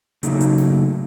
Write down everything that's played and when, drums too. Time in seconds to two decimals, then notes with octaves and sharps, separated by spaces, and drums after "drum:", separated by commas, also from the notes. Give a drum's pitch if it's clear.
0.23 C#3 F#3 A3 A#3 D#4, drum: hi-hat
0.40 drum: hi-hat
0.58 drum: snare